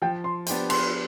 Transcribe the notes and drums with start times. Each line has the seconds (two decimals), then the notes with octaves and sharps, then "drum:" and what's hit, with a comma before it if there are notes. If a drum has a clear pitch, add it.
0.02 F3 G5
0.24 C6
0.46 B3 D4 G4 C5, drum: hi-hat
0.70 C6, drum: cymbal